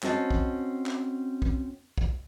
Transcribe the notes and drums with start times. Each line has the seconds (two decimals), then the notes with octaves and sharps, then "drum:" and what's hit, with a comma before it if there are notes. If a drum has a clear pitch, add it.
0.03 C4 C#4 F#4 D#5 A5, drum: clap
0.31 drum: kick
0.86 drum: clap
1.42 drum: kick
1.98 drum: kick